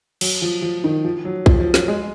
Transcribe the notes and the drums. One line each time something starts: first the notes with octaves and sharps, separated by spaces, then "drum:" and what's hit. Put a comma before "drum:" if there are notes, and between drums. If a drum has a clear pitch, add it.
F#3, drum: cymbal
F3
F3
D#3
F3
F#3
F3, drum: kick
F3
F#3, drum: snare
G#3